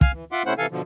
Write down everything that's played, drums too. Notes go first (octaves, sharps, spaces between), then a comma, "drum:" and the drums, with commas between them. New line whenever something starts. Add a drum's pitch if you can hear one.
F5 G#5 F6, drum: kick
E3
F4 E5 F#5 C6 D6
C3 A3 C#4 E4 C5 F#5
C3 E3 A4 F5 G#5
B2 D3 F3